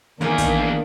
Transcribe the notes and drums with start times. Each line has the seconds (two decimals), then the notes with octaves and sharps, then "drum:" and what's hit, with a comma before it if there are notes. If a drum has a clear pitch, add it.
0.21 E2 D#3 A#3 D4 G#4 A#4
0.38 drum: kick, hi-hat